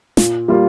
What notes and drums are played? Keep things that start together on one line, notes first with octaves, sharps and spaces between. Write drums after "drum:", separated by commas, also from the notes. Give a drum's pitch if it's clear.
A#2, drum: snare
G3 A#3 F4